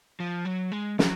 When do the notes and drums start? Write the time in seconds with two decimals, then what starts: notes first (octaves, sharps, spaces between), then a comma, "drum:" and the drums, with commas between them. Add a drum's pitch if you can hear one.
0.20 F3
0.45 F#3
0.72 G#3
0.99 F#3, drum: snare